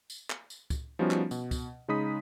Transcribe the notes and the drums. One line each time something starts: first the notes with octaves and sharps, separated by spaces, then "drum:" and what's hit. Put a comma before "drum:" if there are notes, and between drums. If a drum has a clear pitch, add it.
drum: tambourine
drum: clap
drum: tambourine
drum: kick C#2, tambourine
F3 G3 B3 C#4 D#4 F#4
drum: clap
B2, drum: tambourine
drum: kick C#2, tambourine
C#3 G#3 D#4 B5 D#6 B6